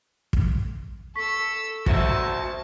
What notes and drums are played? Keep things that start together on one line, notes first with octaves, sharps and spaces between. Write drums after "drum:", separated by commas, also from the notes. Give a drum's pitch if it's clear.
drum: kick
A4 C#6 E6 B6
F#4 C5 E5 A5 C#6, drum: kick